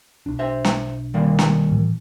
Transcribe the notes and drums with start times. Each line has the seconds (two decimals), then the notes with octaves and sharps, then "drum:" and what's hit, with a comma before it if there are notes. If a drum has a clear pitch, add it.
0.26 B1 D4
0.39 C5 E5
0.65 drum: snare
1.14 D#3 G3 A#3
1.39 drum: snare
1.71 A2 E3